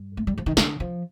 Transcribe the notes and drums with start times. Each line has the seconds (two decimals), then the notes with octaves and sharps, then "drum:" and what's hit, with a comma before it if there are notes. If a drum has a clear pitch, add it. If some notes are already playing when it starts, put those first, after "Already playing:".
Already playing: G2
0.17 A3
0.27 G3
0.38 F3
0.46 D#3
0.57 D3, drum: snare
0.80 F3